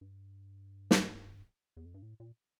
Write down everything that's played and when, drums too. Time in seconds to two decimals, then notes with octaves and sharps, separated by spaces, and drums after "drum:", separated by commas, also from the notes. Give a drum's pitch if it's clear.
0.01 G2
0.91 drum: snare
1.77 E2
1.85 F2
1.94 G2
2.02 A2
2.20 A#2